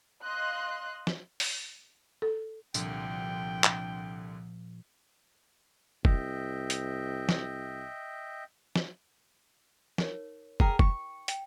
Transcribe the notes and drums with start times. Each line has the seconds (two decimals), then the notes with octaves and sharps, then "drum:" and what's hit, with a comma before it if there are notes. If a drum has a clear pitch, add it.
0.23 D#5 F5 C6 F#6
1.07 drum: snare
1.40 drum: open hi-hat
2.22 A4
2.74 C2 A#2 D3 F3 G5, drum: tambourine
3.64 drum: clap
6.05 C2 D#5 E5 G5, drum: kick
6.70 drum: hi-hat
7.29 drum: snare
8.76 drum: snare
9.98 D#4 A#4 C#5, drum: snare
10.60 G#4 A#4 G5 A#5, drum: kick
10.79 C#6, drum: kick
11.28 G5, drum: hi-hat